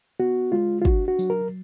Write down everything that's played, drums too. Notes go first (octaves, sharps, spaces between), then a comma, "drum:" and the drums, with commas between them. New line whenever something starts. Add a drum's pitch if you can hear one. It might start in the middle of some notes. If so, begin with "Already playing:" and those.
B3 F#4
G#3 F4
F4
D4 F#4, drum: kick
F#4
F#3, drum: tambourine
A#4